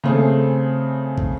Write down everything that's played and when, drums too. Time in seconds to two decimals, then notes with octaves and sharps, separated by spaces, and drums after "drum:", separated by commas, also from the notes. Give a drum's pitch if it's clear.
0.04 C#3 A3 C4 G#4 A4
1.18 drum: kick